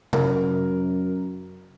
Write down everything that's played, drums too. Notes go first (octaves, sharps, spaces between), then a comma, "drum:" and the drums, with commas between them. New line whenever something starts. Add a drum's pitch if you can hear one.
F#2 A#4, drum: tom